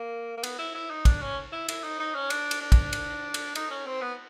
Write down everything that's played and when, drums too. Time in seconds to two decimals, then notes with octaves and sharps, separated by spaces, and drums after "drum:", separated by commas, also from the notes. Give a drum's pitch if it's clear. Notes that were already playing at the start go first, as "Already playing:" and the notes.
Already playing: A#3
0.37 A#3
0.43 B3, drum: cymbal
0.59 E4
0.75 E4
0.90 D#4
1.05 D4, drum: kick, cymbal
1.21 C#4
1.52 E4
1.68 E4, drum: cymbal
1.83 D#4
1.99 D#4
2.15 C#4
2.30 D4, drum: cymbal
2.51 drum: cymbal
2.61 D4
2.72 drum: kick, cymbal
2.93 drum: cymbal
3.34 drum: cymbal
3.55 D#4, drum: cymbal
3.71 C#4
3.86 C4
4.01 B3